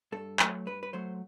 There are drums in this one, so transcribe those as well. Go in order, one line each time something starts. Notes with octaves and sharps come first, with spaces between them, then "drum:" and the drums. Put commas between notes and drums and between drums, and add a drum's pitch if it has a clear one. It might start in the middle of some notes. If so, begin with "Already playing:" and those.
G2 A4
F#3 A3, drum: clap
G2 B4
B4
F#3 A3 C5